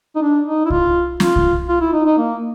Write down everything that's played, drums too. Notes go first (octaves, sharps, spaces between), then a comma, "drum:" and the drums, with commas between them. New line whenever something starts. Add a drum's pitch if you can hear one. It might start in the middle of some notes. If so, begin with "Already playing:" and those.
D#4
D4
D#4
E4
F4, drum: kick C2
F4, drum: snare
drum: kick C2
F4
E4
D#4
D#4
A#3